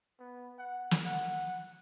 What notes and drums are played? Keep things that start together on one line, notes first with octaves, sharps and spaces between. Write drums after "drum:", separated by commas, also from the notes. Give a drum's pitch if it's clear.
B3
F#5
drum: snare
F#5